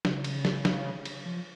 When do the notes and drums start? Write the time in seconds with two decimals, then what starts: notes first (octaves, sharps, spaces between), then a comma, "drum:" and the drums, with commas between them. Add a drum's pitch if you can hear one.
0.05 C#3, drum: snare
0.24 drum: cymbal
0.45 drum: snare
0.65 drum: snare
1.05 drum: cymbal
1.25 F3